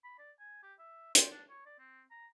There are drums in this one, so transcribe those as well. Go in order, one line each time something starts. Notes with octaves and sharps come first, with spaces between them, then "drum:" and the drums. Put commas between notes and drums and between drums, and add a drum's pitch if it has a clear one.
B5
D5
G#5
G4
E5
C5, drum: hi-hat
D4
C#5
D5
C4
A#5